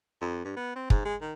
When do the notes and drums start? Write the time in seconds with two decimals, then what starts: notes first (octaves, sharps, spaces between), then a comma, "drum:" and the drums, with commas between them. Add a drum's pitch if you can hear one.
0.21 F2
0.44 G2
0.57 B3
0.76 C4
0.90 G#2, drum: kick
1.05 G#3
1.21 D#3